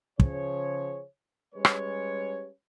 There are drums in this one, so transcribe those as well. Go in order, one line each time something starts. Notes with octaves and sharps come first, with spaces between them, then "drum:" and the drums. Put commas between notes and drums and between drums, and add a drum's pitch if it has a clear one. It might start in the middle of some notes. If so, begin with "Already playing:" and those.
C#3 F3 G#4 C5 C#5, drum: kick
G3 G#3 C#4 G4 B4 C#5
drum: rim click